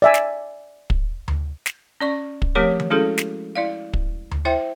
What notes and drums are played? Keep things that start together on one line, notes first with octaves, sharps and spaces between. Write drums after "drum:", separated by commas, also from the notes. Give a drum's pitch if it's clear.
D5 E5 G#5
drum: snare
drum: kick
drum: tom D2
drum: snare
C#4 D5 C#6
drum: kick
F3 A3 C4 G4 A#4 C#5
drum: tom D#3
G#3 C#4 E4 F#4 G#4 A4
drum: snare
E4 D5 F5
drum: kick
drum: tom D2
E4 C5 E5 G5